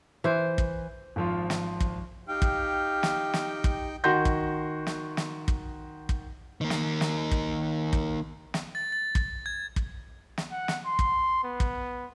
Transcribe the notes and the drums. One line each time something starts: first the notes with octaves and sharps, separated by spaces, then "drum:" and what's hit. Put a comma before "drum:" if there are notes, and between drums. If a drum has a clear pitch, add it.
E3 C5
drum: kick
G#1 F3 F4
drum: snare
drum: kick
D#4 G4 F5 G5
drum: kick
drum: snare
drum: snare
drum: kick
D#3 F#4 C6 G6 A#6
drum: kick
drum: snare
drum: snare
drum: kick
drum: kick
D#3 A#3
drum: snare
drum: snare
drum: kick
drum: kick
drum: snare
A6
A6
drum: kick
G#6
drum: kick
drum: snare
F#5
drum: snare
C6
drum: kick
B3
drum: kick